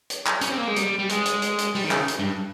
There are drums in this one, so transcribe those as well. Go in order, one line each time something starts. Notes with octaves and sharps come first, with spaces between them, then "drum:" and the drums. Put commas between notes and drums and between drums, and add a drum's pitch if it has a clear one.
drum: hi-hat
drum: clap
C#4, drum: hi-hat
C4
A#3
G#3
G3, drum: hi-hat
G3
G#3, drum: hi-hat
drum: hi-hat
drum: hi-hat
drum: hi-hat
G3, drum: open hi-hat
D#3
C#3, drum: clap
drum: hi-hat
G2